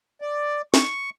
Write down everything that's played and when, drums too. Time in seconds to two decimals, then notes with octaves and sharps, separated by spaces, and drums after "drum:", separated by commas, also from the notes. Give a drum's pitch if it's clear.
0.21 D5
0.74 C#6, drum: snare